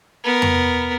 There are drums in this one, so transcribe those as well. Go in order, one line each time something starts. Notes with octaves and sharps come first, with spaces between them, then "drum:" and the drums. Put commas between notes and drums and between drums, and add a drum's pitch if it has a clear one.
B3 A#4
drum: tom F2